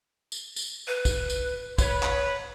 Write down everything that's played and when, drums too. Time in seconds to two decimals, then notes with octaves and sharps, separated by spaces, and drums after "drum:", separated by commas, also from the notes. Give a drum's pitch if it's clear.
0.32 drum: tambourine
0.56 drum: tambourine
0.87 B4
1.05 drum: kick, tambourine
1.30 drum: tambourine
1.78 B4 C#5, drum: kick, tambourine
2.03 drum: clap